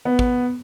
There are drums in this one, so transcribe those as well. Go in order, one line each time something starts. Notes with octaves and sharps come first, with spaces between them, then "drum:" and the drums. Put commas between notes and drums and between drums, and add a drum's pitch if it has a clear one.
B3
drum: kick